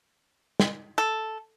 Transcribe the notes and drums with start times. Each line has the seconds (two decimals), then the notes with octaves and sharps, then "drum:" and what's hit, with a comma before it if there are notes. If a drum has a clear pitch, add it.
0.60 drum: snare
0.98 A4